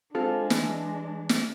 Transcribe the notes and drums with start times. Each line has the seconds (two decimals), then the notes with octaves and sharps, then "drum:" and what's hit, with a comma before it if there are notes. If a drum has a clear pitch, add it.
0.15 G#3 C4 D4 F4 A4
0.50 E3, drum: snare
1.29 drum: snare